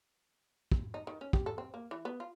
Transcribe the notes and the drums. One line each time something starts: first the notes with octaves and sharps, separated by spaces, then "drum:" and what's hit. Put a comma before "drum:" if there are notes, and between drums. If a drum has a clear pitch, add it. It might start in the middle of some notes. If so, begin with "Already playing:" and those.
drum: kick
D#4
D#3
C#4
G4, drum: kick
A4
C4
A#3
E3
B3
F4